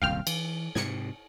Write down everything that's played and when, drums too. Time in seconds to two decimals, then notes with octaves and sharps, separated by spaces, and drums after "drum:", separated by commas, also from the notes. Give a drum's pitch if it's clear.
0.02 D#1 C2 F#2 F5 G5 F6
0.27 E3, drum: cymbal
0.75 G#2 C3 G#6 C#7, drum: snare